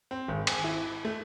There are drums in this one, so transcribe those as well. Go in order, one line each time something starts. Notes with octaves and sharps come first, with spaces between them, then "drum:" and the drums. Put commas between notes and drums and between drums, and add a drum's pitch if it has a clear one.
C4
G#1
G#5, drum: cymbal
E4
A3